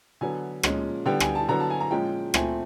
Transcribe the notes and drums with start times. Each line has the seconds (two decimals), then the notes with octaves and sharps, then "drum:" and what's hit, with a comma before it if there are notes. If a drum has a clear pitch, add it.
0.21 D3 F#3 B3 G#5
0.63 A#2 F3 G#3 C#4, drum: rim click
1.06 D3 G3 B3 G5
1.20 G#5, drum: rim click
1.35 A5
1.48 D3 F#3 B3 A#5
1.60 A5
1.70 G#5
1.80 A#5
1.91 A#2 F3 G#3 C#4 G5
2.34 A#2 F3 A3 C4 G#5, drum: rim click